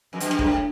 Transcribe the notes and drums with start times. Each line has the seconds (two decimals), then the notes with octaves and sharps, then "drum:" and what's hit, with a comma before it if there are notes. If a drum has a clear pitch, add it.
0.13 F2
0.20 F#2, drum: hi-hat
0.32 F#2
0.39 G#2, drum: kick
0.44 A2